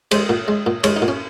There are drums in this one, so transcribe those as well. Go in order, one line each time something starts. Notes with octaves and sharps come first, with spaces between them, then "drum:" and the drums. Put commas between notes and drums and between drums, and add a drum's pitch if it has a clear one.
G#3 C5, drum: cymbal
A#2
G#3
A#2
G#3 C#5, drum: cymbal
D#4
A#2
C#4